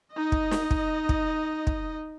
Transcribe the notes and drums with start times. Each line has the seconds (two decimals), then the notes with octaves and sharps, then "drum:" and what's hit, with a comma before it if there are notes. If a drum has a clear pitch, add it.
0.13 D#4 D#5
0.32 drum: kick
0.51 drum: snare
0.71 drum: kick
1.09 drum: kick
1.67 drum: kick